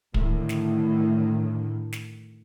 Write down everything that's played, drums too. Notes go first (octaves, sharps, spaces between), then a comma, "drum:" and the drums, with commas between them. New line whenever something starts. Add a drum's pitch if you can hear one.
A2 D3 D#3, drum: kick
drum: snare
drum: snare